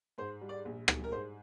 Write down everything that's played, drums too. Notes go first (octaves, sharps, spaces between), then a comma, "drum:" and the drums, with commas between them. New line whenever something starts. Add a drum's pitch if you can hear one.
G#2 C5
G3
D5
A#1
G3, drum: rim click
A#4
G#2 C5